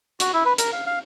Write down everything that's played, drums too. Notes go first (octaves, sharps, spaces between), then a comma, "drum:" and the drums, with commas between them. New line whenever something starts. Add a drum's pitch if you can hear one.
F#4, drum: hi-hat
E4
B4
A#4, drum: hi-hat
F5
F5